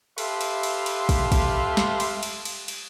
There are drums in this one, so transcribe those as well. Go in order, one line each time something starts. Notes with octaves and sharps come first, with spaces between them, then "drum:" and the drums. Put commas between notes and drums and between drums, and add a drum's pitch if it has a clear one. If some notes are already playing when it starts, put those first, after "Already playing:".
G4 A4 B4 E5 F5 C6, drum: cymbal
drum: cymbal
drum: cymbal
drum: cymbal
drum: kick, cymbal
drum: kick, cymbal
drum: snare
drum: cymbal
drum: cymbal
drum: cymbal
drum: cymbal